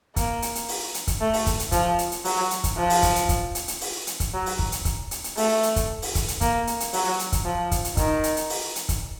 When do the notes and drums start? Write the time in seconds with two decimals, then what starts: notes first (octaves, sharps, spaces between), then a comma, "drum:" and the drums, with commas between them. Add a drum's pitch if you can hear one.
0.16 A#3, drum: kick, hi-hat
0.42 drum: hi-hat
0.55 drum: hi-hat
0.68 drum: open hi-hat
0.94 drum: hi-hat
1.07 drum: kick, hi-hat
1.20 A3
1.33 drum: open hi-hat
1.46 drum: kick, hi-hat
1.59 drum: hi-hat
1.72 F3, drum: kick, hi-hat
1.99 drum: hi-hat
2.12 drum: hi-hat
2.25 F#3, drum: open hi-hat
2.51 drum: hi-hat
2.64 drum: kick, hi-hat
2.77 F3
2.90 drum: open hi-hat
3.03 drum: kick, hi-hat
3.16 drum: hi-hat
3.29 drum: kick, hi-hat
3.55 drum: hi-hat
3.68 drum: hi-hat
3.81 drum: open hi-hat
4.07 drum: hi-hat
4.20 drum: kick, hi-hat
4.34 F#3
4.46 drum: open hi-hat
4.59 drum: kick
4.72 drum: hi-hat
4.85 drum: kick, hi-hat
5.11 drum: hi-hat
5.24 drum: hi-hat
5.37 A3, drum: open hi-hat
5.63 drum: hi-hat
5.76 drum: kick, hi-hat
6.02 drum: open hi-hat
6.15 drum: kick, hi-hat
6.28 drum: hi-hat
6.41 A#3, drum: kick, hi-hat
6.67 drum: hi-hat
6.80 drum: hi-hat
6.93 F#3, drum: open hi-hat
7.19 drum: hi-hat
7.32 drum: kick, hi-hat
7.45 F3
7.71 drum: kick, hi-hat
7.84 drum: hi-hat
7.97 D#3, drum: kick, hi-hat
8.24 drum: hi-hat
8.37 drum: hi-hat
8.50 drum: open hi-hat
8.76 drum: hi-hat
8.89 drum: kick, hi-hat